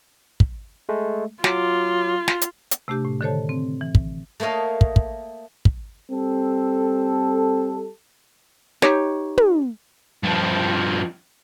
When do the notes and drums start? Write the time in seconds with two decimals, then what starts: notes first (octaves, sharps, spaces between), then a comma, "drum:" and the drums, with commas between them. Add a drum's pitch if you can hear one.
0.40 drum: kick
0.89 G#3 A3
1.44 F#3 F4 D6, drum: snare
2.28 drum: snare
2.41 drum: hi-hat
2.71 drum: hi-hat
2.88 C3 A3 D4 G4 G6
3.05 A2
3.21 D3 D#3 A4 C5 C#5 A5
3.49 C4
3.81 E3
3.95 drum: kick
4.40 A3 A#3 C#5 D#5 F5
4.81 drum: kick
4.96 drum: kick
5.65 drum: kick
6.11 G3 C4 A4
8.82 D#4 G4 C#5, drum: snare
9.37 drum: tom
10.23 G2 F3